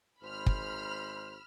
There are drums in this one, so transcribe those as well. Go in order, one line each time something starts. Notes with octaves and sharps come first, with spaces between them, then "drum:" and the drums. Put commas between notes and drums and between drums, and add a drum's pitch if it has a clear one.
G#1 G#2 C5 B5 F6
drum: kick